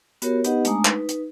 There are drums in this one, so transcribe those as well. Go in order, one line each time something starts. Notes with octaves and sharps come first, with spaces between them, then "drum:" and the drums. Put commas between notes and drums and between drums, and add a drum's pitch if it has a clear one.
B3 F#4 G4 A#4 C#5, drum: hi-hat
B3 D#4 G4 B4 D#5 F#5, drum: hi-hat
G#3 A3 D4 G#5 A#5 D#6, drum: hi-hat
D#4 B4, drum: clap
drum: hi-hat